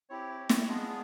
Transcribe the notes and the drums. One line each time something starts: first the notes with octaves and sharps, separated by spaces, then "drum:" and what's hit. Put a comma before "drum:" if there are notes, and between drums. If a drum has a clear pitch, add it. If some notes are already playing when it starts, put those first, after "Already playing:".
C4 E4 G4 C#5
C#5
C#5, drum: snare
D5
B3 D4 F4 G#4 D#5